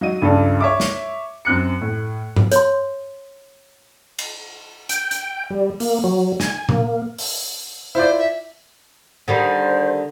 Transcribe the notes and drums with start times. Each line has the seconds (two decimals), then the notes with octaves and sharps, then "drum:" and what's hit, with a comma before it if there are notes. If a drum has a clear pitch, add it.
0.01 F#3 D#4 D#7
0.22 C#2 G2 A4
0.60 C#5 E5 D6
0.80 drum: snare
1.45 F#2 C4 F#6 C#7
1.81 A2
2.36 drum: tom G#2
2.52 C#5 C6, drum: hi-hat
4.19 drum: cymbal
4.89 G5, drum: hi-hat
5.11 drum: hi-hat
5.50 G3
5.80 A#3, drum: open hi-hat
6.04 F#3
6.40 G#5, drum: snare
6.69 A#3, drum: tom A#2
7.18 drum: open hi-hat
7.95 E4 F4 C5 D5
8.18 E5
9.28 D3 D#3 G3 C5